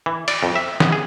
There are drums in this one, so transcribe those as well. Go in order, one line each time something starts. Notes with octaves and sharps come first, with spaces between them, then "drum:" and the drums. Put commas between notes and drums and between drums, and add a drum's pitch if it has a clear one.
E3
D5, drum: cymbal
F2
E5
B3, drum: snare
G#4